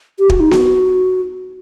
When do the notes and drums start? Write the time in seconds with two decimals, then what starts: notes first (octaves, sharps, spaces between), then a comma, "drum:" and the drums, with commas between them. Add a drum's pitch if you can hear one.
0.19 G4
0.30 F#4, drum: kick
0.40 D#4
0.51 F#4, drum: snare B3